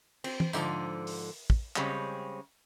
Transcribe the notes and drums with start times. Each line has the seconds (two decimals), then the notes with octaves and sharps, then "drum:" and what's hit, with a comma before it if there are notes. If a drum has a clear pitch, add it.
0.24 C4, drum: cymbal
0.40 drum: tom
0.53 G#2 D3 E3 F3, drum: tambourine
1.07 drum: open hi-hat
1.50 drum: kick
1.76 C#3 G3 G#3 C4 C#4, drum: clap